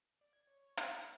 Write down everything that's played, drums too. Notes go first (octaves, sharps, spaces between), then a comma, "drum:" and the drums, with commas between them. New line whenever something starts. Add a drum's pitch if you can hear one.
D5
G#6
C#5
C#5
F#6, drum: hi-hat
A#3